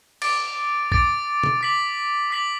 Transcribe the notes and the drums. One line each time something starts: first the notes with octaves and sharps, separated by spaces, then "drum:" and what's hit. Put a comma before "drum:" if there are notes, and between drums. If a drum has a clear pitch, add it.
D6 A6 D7, drum: cymbal
D6 A6 D7, drum: kick
drum: tom
D6 B6 F#7
D6 B6 F#7